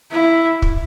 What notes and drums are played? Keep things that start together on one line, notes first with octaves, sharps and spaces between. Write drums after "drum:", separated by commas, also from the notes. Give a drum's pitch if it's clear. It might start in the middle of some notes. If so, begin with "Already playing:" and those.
E4
drum: kick